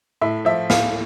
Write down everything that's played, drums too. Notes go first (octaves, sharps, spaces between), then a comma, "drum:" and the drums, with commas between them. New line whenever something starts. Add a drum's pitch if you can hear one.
A2 E5
F3 E5
A2 F5, drum: snare